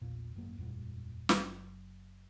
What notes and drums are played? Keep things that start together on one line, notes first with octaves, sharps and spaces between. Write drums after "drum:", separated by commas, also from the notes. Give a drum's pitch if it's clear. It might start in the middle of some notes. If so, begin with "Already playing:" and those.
A#1 E2 A#2
G#1 F#2 A#3
E1 F#2 A#2 G3
F#1 F#3, drum: snare